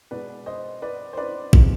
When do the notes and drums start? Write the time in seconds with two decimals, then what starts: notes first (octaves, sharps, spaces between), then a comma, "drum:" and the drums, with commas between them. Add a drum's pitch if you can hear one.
0.11 B2 G#3 B4 D5
0.46 C5 D#5
0.82 B4 D5
1.13 C5
1.17 B4 D5
1.53 C3 F3 G#3, drum: kick A1